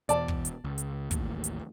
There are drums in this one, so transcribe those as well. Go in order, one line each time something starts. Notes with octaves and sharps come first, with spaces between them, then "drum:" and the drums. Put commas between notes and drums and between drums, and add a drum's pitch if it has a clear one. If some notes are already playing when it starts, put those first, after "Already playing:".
E2 B2 D5 A5, drum: hi-hat
drum: kick
drum: hi-hat
C#2
drum: hi-hat
A1 D#2, drum: kick, hi-hat
drum: hi-hat